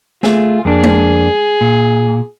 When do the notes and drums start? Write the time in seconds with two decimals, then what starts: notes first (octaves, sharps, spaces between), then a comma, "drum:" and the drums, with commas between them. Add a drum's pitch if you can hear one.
0.23 A3 F4 G#4, drum: snare
0.65 F2 A#3 D4 G#4
0.84 drum: tom G#3
1.61 A#2